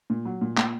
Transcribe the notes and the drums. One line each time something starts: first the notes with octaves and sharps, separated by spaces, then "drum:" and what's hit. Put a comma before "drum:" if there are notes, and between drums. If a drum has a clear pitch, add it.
A#2
F#3
A#2
A#2, drum: clap